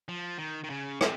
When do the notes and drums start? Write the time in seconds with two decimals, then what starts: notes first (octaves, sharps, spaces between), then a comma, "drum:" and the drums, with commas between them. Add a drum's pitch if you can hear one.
0.09 F3
0.38 D#3
0.64 D#3
0.70 C#3
1.01 C3, drum: rim click